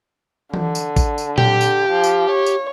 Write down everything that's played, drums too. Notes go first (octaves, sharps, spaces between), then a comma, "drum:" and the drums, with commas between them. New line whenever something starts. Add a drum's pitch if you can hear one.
D3, drum: tom E3
drum: tambourine
drum: kick, tambourine
drum: tambourine
G4, drum: tom A#2
drum: tambourine
F3
drum: tambourine
C#5
drum: tambourine